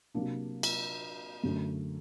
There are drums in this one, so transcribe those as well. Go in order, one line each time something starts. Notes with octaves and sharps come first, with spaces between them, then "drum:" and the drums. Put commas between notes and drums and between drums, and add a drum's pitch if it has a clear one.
C3 F#3 A#3 D4
drum: cymbal
F#2 D3 A3